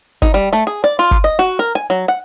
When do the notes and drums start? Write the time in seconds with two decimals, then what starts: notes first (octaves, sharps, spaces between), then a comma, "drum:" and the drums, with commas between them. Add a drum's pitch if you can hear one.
0.22 D#4, drum: kick
0.34 G3
0.53 A3
0.67 G#4
0.84 D5
0.99 F4
1.11 drum: kick
1.24 D#5
1.39 F#4
1.59 A#4
1.75 G#5
1.90 F#3
2.08 F#5